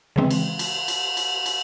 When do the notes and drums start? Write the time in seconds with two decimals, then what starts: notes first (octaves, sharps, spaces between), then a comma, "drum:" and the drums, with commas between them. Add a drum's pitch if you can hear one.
0.16 C#3 E3 G#3 C4
0.30 drum: cymbal
0.59 drum: cymbal
0.88 drum: cymbal
1.17 drum: cymbal
1.46 drum: cymbal